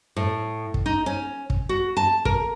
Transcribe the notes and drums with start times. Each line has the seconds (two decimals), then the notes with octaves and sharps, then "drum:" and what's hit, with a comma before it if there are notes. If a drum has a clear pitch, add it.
0.16 A2
0.74 drum: kick
0.86 D#4
1.06 C#4
1.50 drum: kick
1.69 F#4
1.97 A5
2.25 A#4, drum: kick